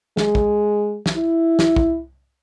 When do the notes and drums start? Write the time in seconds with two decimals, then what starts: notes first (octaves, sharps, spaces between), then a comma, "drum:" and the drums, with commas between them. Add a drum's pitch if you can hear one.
0.17 G#3, drum: snare
0.35 drum: kick
1.06 drum: snare
1.17 E4
1.59 drum: snare
1.76 drum: kick